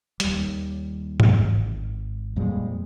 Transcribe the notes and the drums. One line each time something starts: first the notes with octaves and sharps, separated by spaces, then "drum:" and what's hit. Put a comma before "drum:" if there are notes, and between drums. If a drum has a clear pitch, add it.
D#2 G3, drum: hi-hat
drum: tom G#2
G#1
F2 A#2 G3 G#3